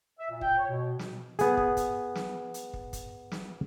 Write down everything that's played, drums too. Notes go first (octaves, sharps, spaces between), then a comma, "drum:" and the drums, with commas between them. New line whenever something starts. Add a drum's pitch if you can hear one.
E5
A#2
G5, drum: kick
C#5
B2
drum: snare
B3 G#4, drum: hi-hat
drum: kick
drum: kick, hi-hat
drum: snare
drum: hi-hat
drum: kick
drum: kick, hi-hat
drum: snare